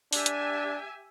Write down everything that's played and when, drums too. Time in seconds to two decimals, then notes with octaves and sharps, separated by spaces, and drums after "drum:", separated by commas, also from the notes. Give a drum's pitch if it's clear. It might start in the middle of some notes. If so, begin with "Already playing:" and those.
0.13 D4 G4 E5 G#5, drum: open hi-hat
0.26 drum: hi-hat